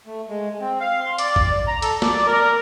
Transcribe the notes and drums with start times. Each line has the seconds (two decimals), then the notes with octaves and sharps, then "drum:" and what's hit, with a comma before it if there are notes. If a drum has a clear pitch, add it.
0.06 A3
0.29 G#3
0.60 C4
0.80 F5
1.00 C6
1.18 D5, drum: hi-hat
1.36 drum: kick A1
1.68 A#5
1.82 A4, drum: hi-hat
2.02 D5, drum: snare
2.26 A#4